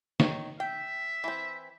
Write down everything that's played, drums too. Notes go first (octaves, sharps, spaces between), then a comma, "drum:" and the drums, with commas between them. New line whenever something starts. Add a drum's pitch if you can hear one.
D#3 C#5, drum: snare
E5 G5
E3 C4